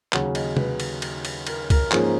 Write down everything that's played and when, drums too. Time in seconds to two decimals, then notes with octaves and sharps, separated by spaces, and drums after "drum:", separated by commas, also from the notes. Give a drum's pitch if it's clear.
0.12 D#2 C#3 F#3 C#4 F#5, drum: clap
0.35 D#5, drum: cymbal
0.57 B4, drum: tom
0.80 drum: cymbal
1.02 drum: cymbal
1.25 drum: cymbal
1.47 A#4, drum: cymbal
1.70 A#4, drum: kick, cymbal
1.92 G#2 F3 A#3 C#4 G#4, drum: clap